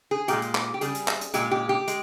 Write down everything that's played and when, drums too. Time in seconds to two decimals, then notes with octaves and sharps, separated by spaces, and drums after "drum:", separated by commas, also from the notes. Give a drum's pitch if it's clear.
0.11 G#4
0.28 A#2 G#3 G4, drum: hi-hat
0.42 drum: hi-hat
0.55 drum: clap
0.74 G4
0.81 C#3 G3 G#4, drum: hi-hat
0.95 drum: hi-hat
1.08 drum: clap
1.21 drum: hi-hat
1.34 A#2 G#3 G4, drum: hi-hat
1.51 G4
1.69 G4
1.88 G#3, drum: hi-hat